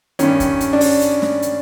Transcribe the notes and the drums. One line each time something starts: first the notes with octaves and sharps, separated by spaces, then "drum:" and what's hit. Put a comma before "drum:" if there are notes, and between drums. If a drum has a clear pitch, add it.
G2 D#3 C#4, drum: hi-hat
drum: kick, hi-hat
drum: hi-hat
D4
C#4, drum: open hi-hat
drum: hi-hat
drum: snare
drum: hi-hat